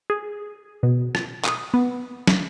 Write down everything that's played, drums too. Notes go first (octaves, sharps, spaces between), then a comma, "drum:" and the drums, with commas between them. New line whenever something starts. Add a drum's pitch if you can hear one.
G#4
B2
drum: rim click
D#6, drum: clap
B3
drum: snare